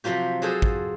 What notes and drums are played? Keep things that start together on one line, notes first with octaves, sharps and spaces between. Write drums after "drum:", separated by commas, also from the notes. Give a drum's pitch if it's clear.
C3 F3 F#3 F4 G4
F#3 F4 G#4 A4 C5
drum: kick